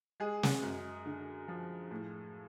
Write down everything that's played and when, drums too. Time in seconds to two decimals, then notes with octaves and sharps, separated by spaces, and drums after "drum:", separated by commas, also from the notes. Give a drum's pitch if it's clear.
0.20 G#3 G#4
0.43 drum: snare
0.62 F#2
1.06 D3
1.48 F3
1.91 A2